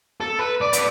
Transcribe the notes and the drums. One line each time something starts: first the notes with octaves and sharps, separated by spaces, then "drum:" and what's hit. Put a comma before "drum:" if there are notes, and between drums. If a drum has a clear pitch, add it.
A4
B4
D5
B4 D5, drum: hi-hat